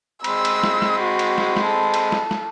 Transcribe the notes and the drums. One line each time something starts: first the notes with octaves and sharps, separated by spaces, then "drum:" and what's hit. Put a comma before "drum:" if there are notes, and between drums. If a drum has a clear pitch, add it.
G#3 C4 B5 E6, drum: cymbal
drum: cymbal
drum: snare
drum: snare
F#4
drum: cymbal
drum: snare
drum: snare
A4
drum: cymbal
drum: snare
drum: snare